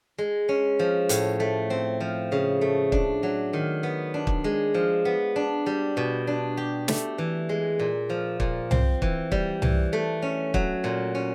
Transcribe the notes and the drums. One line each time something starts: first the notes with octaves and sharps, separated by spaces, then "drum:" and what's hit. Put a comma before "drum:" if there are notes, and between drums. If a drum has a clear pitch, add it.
G#3
C#4
F3
A2, drum: hi-hat
A3
C4
F3
C#3
A3
D4, drum: kick
F#3
D#3
B3
D4
drum: kick
G#3
F3
B3
D4
G3
B2
D4
G4
A3, drum: snare
E3
G#3
A#2
F3
A#2, drum: kick
C4, drum: tom C2
E3, drum: kick
G3, drum: kick
E3, drum: tom C2
A3
C#4
F#3, drum: kick
A#2
C#4